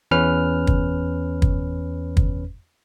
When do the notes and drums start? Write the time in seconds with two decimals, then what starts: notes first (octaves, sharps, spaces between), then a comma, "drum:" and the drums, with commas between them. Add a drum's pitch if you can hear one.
0.11 E2 C#4 B4 F6
0.67 drum: kick
1.42 drum: kick
2.17 drum: kick